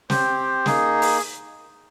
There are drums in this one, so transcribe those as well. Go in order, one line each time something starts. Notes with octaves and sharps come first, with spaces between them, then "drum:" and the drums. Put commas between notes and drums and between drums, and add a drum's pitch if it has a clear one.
C4 G4 C5, drum: snare
A#3 D#4 G#4, drum: snare
drum: open hi-hat